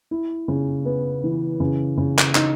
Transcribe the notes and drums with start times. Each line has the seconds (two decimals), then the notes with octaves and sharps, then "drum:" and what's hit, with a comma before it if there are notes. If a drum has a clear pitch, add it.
0.11 E4
0.48 C#3
0.85 B3
1.24 E3
1.60 C#3
1.98 C#3
2.19 drum: clap
2.35 D#4, drum: clap